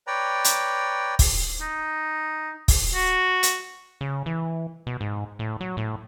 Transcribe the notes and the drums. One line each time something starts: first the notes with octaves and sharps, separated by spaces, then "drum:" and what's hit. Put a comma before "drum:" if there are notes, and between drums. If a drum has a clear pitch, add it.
B4 C#5 D5 G5 A#5
drum: hi-hat
drum: kick, open hi-hat
D#4
drum: kick, open hi-hat
F#4
drum: hi-hat
C#3
E3
B2
G#2
A2
F#3
A2